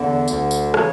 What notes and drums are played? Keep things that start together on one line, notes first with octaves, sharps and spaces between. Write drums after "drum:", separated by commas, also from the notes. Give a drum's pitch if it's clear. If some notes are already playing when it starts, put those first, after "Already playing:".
Already playing: E2 D3
D2 D3, drum: tambourine
drum: tambourine
C#3 E3 C#5, drum: rim click